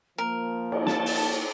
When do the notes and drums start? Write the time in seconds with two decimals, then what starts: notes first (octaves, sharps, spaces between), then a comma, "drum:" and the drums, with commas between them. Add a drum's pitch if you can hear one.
0.18 F3 A#3 A#4
0.72 drum: cymbal
0.87 A5, drum: snare
1.06 drum: open hi-hat